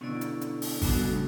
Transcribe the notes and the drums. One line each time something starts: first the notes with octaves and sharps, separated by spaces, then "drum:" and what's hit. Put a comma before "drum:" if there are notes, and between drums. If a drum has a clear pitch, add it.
B2 D3 C#4 E4 A4 D5
drum: hi-hat
drum: hi-hat
drum: open hi-hat
B2 D3 G3 B3 D4 F#4 A4, drum: kick G#1, open hi-hat
A2 C#3